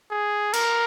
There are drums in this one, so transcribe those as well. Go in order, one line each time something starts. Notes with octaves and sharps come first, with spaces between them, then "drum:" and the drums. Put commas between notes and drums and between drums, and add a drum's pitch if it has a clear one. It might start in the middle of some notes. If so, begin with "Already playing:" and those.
G#4
A#4, drum: cymbal